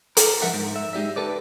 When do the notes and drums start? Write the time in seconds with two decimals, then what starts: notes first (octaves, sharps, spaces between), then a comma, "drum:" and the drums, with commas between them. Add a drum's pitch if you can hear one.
0.17 A#4, drum: hi-hat
0.42 G2 F3 A#4 E5 F#5
0.54 G#2
0.76 E5
0.93 G#3 D#4 G4 D5 E5
1.16 G4 A4 B4 D5